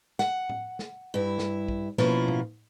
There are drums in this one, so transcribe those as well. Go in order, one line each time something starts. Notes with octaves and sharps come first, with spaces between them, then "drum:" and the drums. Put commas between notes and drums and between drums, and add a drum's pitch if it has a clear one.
F#5, drum: snare
drum: tom A2
drum: snare
G2 E4
drum: snare
drum: kick
B2 F3 A#3 C#4 E4 F4, drum: snare
drum: tom A2